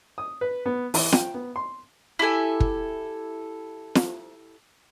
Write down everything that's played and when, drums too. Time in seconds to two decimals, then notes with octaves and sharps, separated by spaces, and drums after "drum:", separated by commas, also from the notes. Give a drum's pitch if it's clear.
0.18 D#6
0.41 B4
0.66 B3
0.94 E3, drum: open hi-hat
1.12 G5, drum: snare
1.34 B3
1.56 C6
2.19 E4 G4 A4 G#5
2.60 drum: kick
3.95 drum: snare